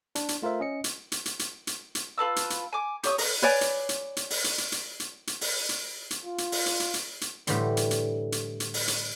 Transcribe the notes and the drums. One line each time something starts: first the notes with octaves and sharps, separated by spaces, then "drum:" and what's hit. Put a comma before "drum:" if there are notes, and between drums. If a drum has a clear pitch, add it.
D4, drum: hi-hat
drum: hi-hat
A3 F4 A#4 C5 E5
C#4 D#5 C#7
drum: hi-hat
drum: hi-hat
drum: hi-hat
drum: hi-hat
drum: hi-hat
drum: hi-hat
F4 B4 A5 E6
drum: hi-hat
drum: hi-hat
G#5 D6
G4 C#5 D#6, drum: hi-hat
A#4 B4, drum: open hi-hat
B4 C#5 D5 G#5
drum: hi-hat
drum: hi-hat
drum: hi-hat
drum: open hi-hat
drum: hi-hat
drum: hi-hat
drum: hi-hat
drum: hi-hat
drum: hi-hat
drum: open hi-hat
drum: hi-hat
drum: hi-hat
F4
drum: hi-hat
drum: open hi-hat
drum: hi-hat
drum: hi-hat
drum: hi-hat
drum: hi-hat
A2 D3 E3 G3 C6, drum: hi-hat
drum: hi-hat
drum: hi-hat
drum: hi-hat
drum: hi-hat
drum: open hi-hat
drum: hi-hat